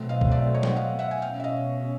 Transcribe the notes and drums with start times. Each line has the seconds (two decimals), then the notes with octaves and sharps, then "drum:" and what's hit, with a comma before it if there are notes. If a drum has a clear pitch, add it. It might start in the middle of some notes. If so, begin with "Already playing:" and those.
Already playing: B2 F#3 A3 C4
0.09 D#5 F5
0.21 drum: kick B1
0.31 D5 E5
0.54 C#5 D#5
0.63 G5, drum: snare
0.69 F#5
0.76 D#5 F5
0.99 E5 F#5
1.11 G#5
1.21 B2 G#3 C#4 F5 G5
1.40 E5
1.44 D#5 F5